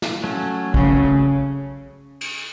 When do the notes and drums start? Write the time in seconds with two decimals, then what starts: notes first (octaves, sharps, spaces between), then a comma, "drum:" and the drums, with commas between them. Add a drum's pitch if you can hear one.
0.02 drum: snare
0.24 F#3 A3 C#4
0.74 C#3, drum: kick
2.21 drum: cymbal